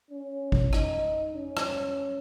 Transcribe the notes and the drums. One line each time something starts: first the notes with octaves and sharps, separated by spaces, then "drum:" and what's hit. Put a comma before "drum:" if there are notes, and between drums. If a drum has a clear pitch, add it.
C#4
drum: kick
D#4, drum: rim click
C#4
drum: rim click